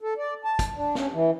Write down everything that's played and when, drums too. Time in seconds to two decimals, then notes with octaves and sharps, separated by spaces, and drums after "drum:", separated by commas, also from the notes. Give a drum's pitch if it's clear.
0.01 A4
0.17 D5
0.44 A5
0.59 drum: kick, hi-hat
0.75 D4
0.95 C#4, drum: snare
1.12 E3